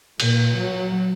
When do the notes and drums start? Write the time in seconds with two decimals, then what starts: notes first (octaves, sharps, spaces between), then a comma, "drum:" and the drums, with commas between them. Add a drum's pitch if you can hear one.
0.20 A#2, drum: cymbal
0.56 F#3